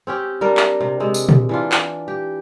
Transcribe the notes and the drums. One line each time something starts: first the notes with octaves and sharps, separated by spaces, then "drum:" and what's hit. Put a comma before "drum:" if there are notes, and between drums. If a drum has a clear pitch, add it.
C4 C#4 G4
G3 D4 A#4
drum: clap
C3
C3 G#3
drum: tambourine
drum: tom A#2
E3 D4 F4
drum: clap
G4